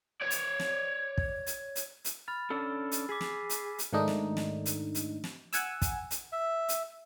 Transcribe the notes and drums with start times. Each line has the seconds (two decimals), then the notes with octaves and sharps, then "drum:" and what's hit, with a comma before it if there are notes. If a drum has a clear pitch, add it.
0.21 C#5 D5
0.31 drum: hi-hat
0.60 drum: snare
1.18 drum: kick
1.47 drum: hi-hat
1.76 drum: hi-hat
2.05 drum: hi-hat
2.28 B5 F6 A6
2.50 C#4 D4 A4 E6
2.92 drum: hi-hat
3.09 G#4 D6 B6 C7
3.21 drum: snare
3.50 drum: hi-hat
3.79 drum: hi-hat
3.93 G#2 D#3 A3 D4 D#4
4.08 drum: snare
4.37 drum: snare
4.66 drum: hi-hat
4.95 drum: hi-hat
5.24 drum: snare
5.53 F#5 G#5 E6, drum: hi-hat
5.82 drum: kick, hi-hat
6.11 drum: hi-hat
6.32 E5
6.69 drum: hi-hat